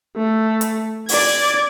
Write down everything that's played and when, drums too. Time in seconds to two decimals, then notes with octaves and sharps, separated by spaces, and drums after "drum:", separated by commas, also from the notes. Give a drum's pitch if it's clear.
0.16 A3
0.61 drum: hi-hat
1.09 D5 G#6, drum: open hi-hat